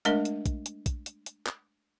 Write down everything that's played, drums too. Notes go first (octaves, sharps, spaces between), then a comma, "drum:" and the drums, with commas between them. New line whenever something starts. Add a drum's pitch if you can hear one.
G#3 A3 D4 A#4 D#5, drum: hi-hat
drum: hi-hat
drum: kick, hi-hat
drum: hi-hat
drum: kick, hi-hat
drum: hi-hat
drum: hi-hat
drum: clap